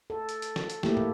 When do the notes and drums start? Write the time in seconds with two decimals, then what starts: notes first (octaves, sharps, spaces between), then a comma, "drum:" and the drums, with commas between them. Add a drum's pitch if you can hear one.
0.10 A4
0.29 drum: hi-hat
0.42 drum: hi-hat
0.56 drum: snare
0.70 drum: hi-hat
0.83 A3 A#3 E4 G4, drum: snare
0.97 drum: tom